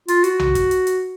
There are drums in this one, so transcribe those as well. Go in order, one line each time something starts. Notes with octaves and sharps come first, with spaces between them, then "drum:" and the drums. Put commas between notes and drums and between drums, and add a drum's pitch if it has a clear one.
F4, drum: hi-hat
F#4, drum: hi-hat
drum: tom B1
drum: kick, hi-hat
drum: hi-hat
drum: hi-hat